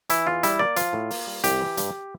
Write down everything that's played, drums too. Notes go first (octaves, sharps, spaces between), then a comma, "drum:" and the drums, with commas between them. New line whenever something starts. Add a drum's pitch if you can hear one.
E3 E4, drum: hi-hat
E2 F4
G3 E4, drum: hi-hat
A#3 D5
F3 F4, drum: hi-hat
A2
A#3, drum: open hi-hat
G3
C2 G4, drum: hi-hat
E3
G2, drum: hi-hat